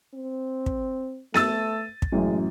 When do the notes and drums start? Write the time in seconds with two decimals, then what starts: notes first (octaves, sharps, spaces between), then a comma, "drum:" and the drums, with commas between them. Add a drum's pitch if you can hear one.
0.14 C4
0.66 drum: kick
1.34 A3 E6 A6 D#7, drum: snare B3
2.02 drum: kick
2.12 A1 F#2 G#3